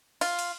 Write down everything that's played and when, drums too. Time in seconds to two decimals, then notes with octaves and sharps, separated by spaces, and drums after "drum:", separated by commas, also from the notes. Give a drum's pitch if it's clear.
0.21 F4, drum: cymbal
0.39 drum: cymbal